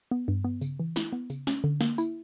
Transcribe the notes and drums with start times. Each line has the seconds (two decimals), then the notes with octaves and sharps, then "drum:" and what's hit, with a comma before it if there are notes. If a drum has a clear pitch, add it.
0.11 B3
0.28 G2
0.45 B3
0.61 C#3, drum: tambourine
0.80 E3
0.96 E4, drum: snare
1.13 B3
1.30 C#3, drum: tambourine
1.47 C#4, drum: snare
1.64 D3
1.81 A#3, drum: snare
1.98 E4, drum: tambourine